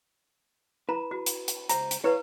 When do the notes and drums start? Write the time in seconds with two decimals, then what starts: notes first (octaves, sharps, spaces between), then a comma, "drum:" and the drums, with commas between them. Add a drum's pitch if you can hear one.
0.89 E4 B4 A#5
1.11 F#4
1.26 drum: hi-hat
1.48 drum: hi-hat
1.69 C#2 C5 A#5, drum: hi-hat
1.91 drum: hi-hat
2.04 E4 B4 C#5 F5